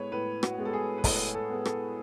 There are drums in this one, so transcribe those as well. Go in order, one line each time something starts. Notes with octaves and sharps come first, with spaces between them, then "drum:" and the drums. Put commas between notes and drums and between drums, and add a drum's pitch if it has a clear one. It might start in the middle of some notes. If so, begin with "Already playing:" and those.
Already playing: A2 G#3 B3 B4 C#5
A2 B4
F#4, drum: rim click
G#3 B3
A4
G#4
B4
A2 A4, drum: kick, open hi-hat
A4
G#3 B3
A4, drum: rim click